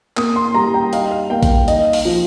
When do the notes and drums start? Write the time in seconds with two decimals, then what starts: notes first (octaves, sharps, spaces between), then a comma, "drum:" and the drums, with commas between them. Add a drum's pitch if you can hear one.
0.17 A#3 D#6, drum: clap
0.36 C6
0.55 G3 A#5
0.74 G5
0.93 D#4 F5, drum: hi-hat
1.11 F5
1.30 A#3 G5
1.43 drum: kick A#1, hi-hat
1.68 D#4 D#5, drum: hi-hat
1.93 F5, drum: open hi-hat
2.05 F3